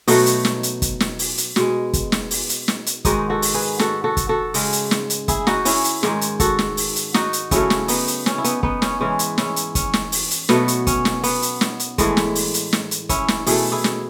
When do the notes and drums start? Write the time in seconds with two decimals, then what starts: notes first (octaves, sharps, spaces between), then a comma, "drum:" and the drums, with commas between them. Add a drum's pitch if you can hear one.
0.08 B2 F#3 A3 D#4 F#4, drum: open hi-hat
0.26 drum: hi-hat
0.45 drum: snare
0.63 drum: hi-hat
0.82 drum: kick, hi-hat
1.00 drum: snare
1.19 drum: open hi-hat
1.38 drum: hi-hat
1.56 B2 G#3, drum: snare
1.93 drum: kick, hi-hat
2.12 drum: snare
2.31 drum: open hi-hat
2.49 drum: hi-hat
2.68 drum: snare
2.86 drum: hi-hat
3.05 G#2 D#3 G#3 D#4 F#4, drum: kick, hi-hat
3.30 F#4 A4
3.42 drum: open hi-hat
3.54 G#4 B4
3.79 F#4 A4, drum: snare
4.04 F#4 A4
4.17 drum: kick, hi-hat
4.29 F#4 A4
4.54 C#3 G#3, drum: open hi-hat
4.73 drum: hi-hat
4.91 drum: snare
5.10 drum: hi-hat
5.28 E4 G#4, drum: kick, hi-hat
5.47 D#4 F#4, drum: snare
5.65 C#4 E4, drum: open hi-hat
5.84 drum: hi-hat
6.03 G#2 D#3 G#3, drum: snare
6.21 drum: hi-hat
6.40 F#4 A4, drum: kick, hi-hat
6.59 drum: snare
6.77 drum: open hi-hat
6.96 drum: hi-hat
7.14 D#4 F#4, drum: snare
7.33 drum: hi-hat
7.51 C#3 F#3 A3 C#4 E4, drum: kick, hi-hat
7.70 drum: snare
7.88 B3 D#4, drum: open hi-hat
8.07 drum: hi-hat
8.26 C#4, drum: snare
8.38 E4
8.44 B3 D#4, drum: hi-hat
8.63 B3 D#4, drum: kick
8.82 C#4, drum: snare
9.00 G#2 E3 G#3 C#4
9.19 drum: hi-hat
9.38 C#4 E4, drum: snare
9.56 drum: hi-hat
9.75 C#4, drum: kick, hi-hat
9.93 drum: snare
10.12 drum: open hi-hat
10.31 drum: hi-hat
10.49 B2 F#3 A3 B3, drum: snare
10.68 drum: hi-hat
10.87 C#4, drum: kick, hi-hat
11.05 drum: snare
11.23 B3, drum: open hi-hat
11.42 drum: hi-hat
11.61 drum: snare
11.80 drum: hi-hat
11.98 A2 E3 G#3, drum: kick, hi-hat
12.17 drum: snare
12.35 drum: open hi-hat
12.54 drum: hi-hat
12.73 drum: snare
12.91 drum: hi-hat
13.09 C#4 E4, drum: kick, hi-hat
13.28 drum: snare
13.46 B2 A3 E4 G#4, drum: open hi-hat
13.72 E4 G#4
13.84 drum: snare